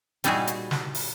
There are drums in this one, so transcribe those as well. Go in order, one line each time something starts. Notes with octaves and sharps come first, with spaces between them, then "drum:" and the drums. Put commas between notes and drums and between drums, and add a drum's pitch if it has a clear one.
A#2 G3 D#4 E4 F#4 G#4, drum: hi-hat
drum: hi-hat
drum: snare
drum: open hi-hat